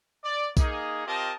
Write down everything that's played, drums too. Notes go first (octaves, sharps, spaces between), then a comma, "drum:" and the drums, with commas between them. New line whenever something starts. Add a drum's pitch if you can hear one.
D5
A#3 D#4 G#4, drum: kick B1, tambourine
C4 F4 G4 A#4 D#5 A5